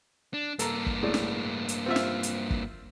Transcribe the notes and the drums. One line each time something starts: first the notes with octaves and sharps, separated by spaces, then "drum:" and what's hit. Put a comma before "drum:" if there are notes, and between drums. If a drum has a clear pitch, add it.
D4
G2 A#3 A4 A#5, drum: hi-hat
drum: kick
A2 G#3 D4
drum: snare
drum: hi-hat
C4 F4 E5
drum: snare
drum: hi-hat
drum: kick